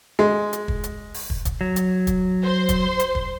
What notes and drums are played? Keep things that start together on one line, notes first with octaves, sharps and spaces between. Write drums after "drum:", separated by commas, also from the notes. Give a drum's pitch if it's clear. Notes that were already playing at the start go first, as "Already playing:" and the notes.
G#3
drum: hi-hat
drum: kick
drum: hi-hat
drum: open hi-hat
drum: kick
drum: kick, hi-hat
F#3
drum: hi-hat
drum: kick, hi-hat
C5 C6
drum: kick, hi-hat
drum: hi-hat
drum: kick